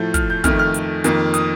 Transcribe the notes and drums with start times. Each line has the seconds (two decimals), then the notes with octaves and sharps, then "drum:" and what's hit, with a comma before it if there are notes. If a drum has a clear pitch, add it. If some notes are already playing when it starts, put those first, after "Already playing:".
Already playing: A2 F3 A3 G6
0.14 F6, drum: kick, hi-hat
0.30 G6
0.44 F2 D#3 A3 F6, drum: kick, hi-hat
0.59 F6
0.74 drum: hi-hat
1.04 F2 D#3 A#3, drum: hi-hat
1.34 D#6, drum: hi-hat